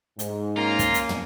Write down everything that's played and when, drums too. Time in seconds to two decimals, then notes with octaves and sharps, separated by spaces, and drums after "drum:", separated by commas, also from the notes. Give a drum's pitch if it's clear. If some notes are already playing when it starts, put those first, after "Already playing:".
0.19 G#2, drum: hi-hat
0.57 A#3 C#4 F4 A#5
0.79 drum: kick, hi-hat
0.94 drum: hi-hat
1.09 drum: tom